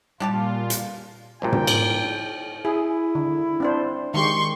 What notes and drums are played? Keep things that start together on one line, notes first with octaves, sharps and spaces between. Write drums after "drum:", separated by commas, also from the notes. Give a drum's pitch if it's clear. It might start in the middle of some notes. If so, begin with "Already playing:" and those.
A#2 G3 D4 F4 G4 A5
drum: hi-hat
A#1 G2 A#2 G5
drum: tom
drum: cymbal
E4 G#4
D3
C4 D4 C5
D#3 G#3 G4 C6 C#6